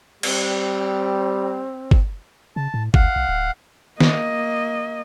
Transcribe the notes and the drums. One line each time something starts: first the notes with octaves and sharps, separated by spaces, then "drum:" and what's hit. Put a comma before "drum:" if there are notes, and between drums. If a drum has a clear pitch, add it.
G3 C4, drum: cymbal
drum: kick G1
C#3 A5
A2
D2 F5 F#5, drum: kick G1
B1
D1
A#3 D#5, drum: snare